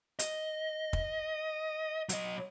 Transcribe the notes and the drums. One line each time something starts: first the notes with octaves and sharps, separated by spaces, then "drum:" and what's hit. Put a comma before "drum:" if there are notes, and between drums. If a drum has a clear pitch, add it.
D#5, drum: hi-hat
drum: kick
F#3 D#5, drum: hi-hat